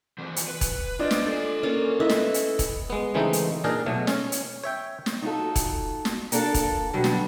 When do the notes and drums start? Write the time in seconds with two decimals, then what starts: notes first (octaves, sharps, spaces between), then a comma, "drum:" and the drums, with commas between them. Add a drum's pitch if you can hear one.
0.18 E3 C4
0.36 drum: hi-hat
0.48 B4
0.61 drum: kick E1, hi-hat
0.99 D4 F4 C5 D5 D#5
1.11 drum: snare
1.27 A4 D5 G#5
1.63 A#3 C#4 F4
2.00 E4 B4 D#5 E5
2.09 drum: snare
2.34 drum: hi-hat
2.59 drum: kick E1, hi-hat
2.90 G#3 B3
3.14 C#3 E3 G#3 A3 C4 D#4
3.33 drum: hi-hat
3.64 A#2 D4 D#4 G#4 A#4 A#5
3.86 B2 F#3 A3
4.07 C#4 C#5, drum: snare
4.32 drum: hi-hat
4.64 C#5 E5 G5
5.06 drum: snare
5.22 D#4 F4 F#4 A4
5.56 drum: kick E1, hi-hat
6.05 drum: snare
6.32 A#3 D4 F4 G#4 A4, drum: hi-hat
6.54 drum: kick E1, hi-hat
6.93 B2 D3 F#3 G3
7.04 drum: snare